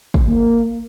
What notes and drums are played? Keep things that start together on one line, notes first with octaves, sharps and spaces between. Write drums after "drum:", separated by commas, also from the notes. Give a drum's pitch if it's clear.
drum: kick
A#3